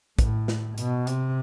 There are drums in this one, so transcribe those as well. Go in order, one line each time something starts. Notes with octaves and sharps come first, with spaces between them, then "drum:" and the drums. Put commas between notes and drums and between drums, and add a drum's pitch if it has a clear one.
A2, drum: kick, hi-hat
drum: snare
B2, drum: hi-hat
C3, drum: hi-hat